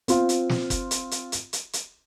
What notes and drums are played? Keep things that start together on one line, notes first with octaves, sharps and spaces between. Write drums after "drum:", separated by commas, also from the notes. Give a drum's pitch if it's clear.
C4 F4 F5, drum: hi-hat
drum: hi-hat
drum: snare
drum: kick F#1, hi-hat
drum: hi-hat
drum: hi-hat
drum: hi-hat
drum: hi-hat
drum: hi-hat